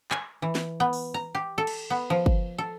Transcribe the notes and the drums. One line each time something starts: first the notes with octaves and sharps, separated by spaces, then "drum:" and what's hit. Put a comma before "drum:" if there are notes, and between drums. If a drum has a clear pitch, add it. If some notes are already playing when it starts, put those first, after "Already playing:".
G#5, drum: clap
E3
drum: snare
B3
drum: open hi-hat
A#5
G4
A4
drum: cymbal
B3
F3
drum: kick
A4